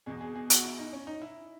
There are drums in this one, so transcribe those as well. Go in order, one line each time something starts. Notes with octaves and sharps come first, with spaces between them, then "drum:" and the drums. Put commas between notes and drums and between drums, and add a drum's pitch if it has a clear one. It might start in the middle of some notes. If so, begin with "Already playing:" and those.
E2 B2 G#4
G#4
G#4
F#4, drum: hi-hat
E4
D#4
C#4
D#4
E4